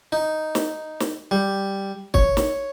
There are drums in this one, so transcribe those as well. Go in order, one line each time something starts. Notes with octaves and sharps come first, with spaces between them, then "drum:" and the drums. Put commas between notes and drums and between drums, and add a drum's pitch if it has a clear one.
D#4
drum: snare
drum: snare
G3
C#5, drum: kick
drum: snare